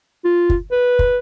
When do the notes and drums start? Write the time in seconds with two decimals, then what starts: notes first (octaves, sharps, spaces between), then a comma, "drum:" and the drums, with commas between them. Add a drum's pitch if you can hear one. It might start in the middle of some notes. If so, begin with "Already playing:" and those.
0.25 F4
0.50 drum: kick
0.71 B4
0.99 drum: kick